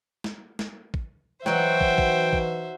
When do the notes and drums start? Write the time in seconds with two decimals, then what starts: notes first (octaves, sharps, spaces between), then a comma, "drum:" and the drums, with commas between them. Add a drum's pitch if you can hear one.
0.24 drum: snare
0.59 drum: snare
0.94 drum: kick
1.46 E3 F#3 D#4 F#4 C5 E5 G5, drum: snare
1.81 drum: kick
1.98 drum: kick
2.33 drum: kick